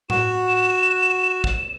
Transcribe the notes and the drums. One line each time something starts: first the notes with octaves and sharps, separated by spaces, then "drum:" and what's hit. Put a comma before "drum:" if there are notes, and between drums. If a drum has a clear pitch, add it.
F#4 E7, drum: tom A2
drum: kick